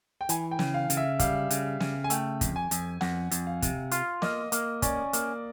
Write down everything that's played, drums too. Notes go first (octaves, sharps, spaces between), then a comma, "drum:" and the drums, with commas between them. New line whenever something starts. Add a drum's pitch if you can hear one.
G5
E3 G#5, drum: hi-hat
G5
C#3, drum: snare
F5
C#3, drum: hi-hat
E5
G3 F5, drum: kick, hi-hat
C#3, drum: hi-hat
C#3, drum: snare
G#5
A3 G5, drum: hi-hat
F2, drum: kick, hi-hat
G#5
F2, drum: hi-hat
F2 F#5, drum: snare
F2, drum: hi-hat
F5
C3, drum: kick, hi-hat
F4 F5, drum: hi-hat
A#3 D#5, drum: snare
A#3, drum: hi-hat
C#4 D5, drum: kick, hi-hat
A#3, drum: hi-hat